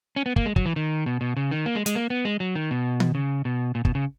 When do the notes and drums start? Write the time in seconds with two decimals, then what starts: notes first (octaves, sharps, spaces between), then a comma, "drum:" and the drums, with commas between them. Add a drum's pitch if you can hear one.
0.16 C#4
0.26 B3
0.36 A#3, drum: kick
0.46 G#3
0.56 F#3, drum: kick
0.66 E3
0.76 D#3
1.06 B2
1.21 B2
1.37 C#3
1.51 D#3
1.66 A#3
1.75 G#3
1.86 G#3, drum: hi-hat
1.95 A#3
2.10 B3
2.25 G#3
2.40 F#3
2.55 D#3
2.71 B2
3.00 drum: tom D#3
3.15 C#3
3.45 B2
3.75 A#2
3.85 B2, drum: kick
3.95 C#3